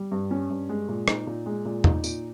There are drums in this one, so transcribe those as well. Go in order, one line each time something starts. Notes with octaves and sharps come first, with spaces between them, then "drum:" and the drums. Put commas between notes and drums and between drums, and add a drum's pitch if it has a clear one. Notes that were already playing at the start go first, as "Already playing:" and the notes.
Already playing: G3
G2
C#4
G2
G#3
A#2
D#4, drum: rim click
A#2
G#3
A#2
D#4, drum: tom E2
A#2, drum: tambourine